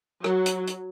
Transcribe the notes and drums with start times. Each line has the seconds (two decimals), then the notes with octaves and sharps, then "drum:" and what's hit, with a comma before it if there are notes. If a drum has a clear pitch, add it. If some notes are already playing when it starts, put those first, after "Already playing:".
0.24 F#3, drum: rim click
0.46 drum: hi-hat
0.67 drum: hi-hat